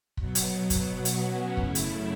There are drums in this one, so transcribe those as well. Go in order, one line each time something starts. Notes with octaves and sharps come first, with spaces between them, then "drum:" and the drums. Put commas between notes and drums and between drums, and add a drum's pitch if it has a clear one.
B2 F#3 B3, drum: kick
drum: hi-hat
drum: kick, hi-hat
F#4
drum: hi-hat
C#4
F#2 C#3 A3 E4, drum: kick
drum: hi-hat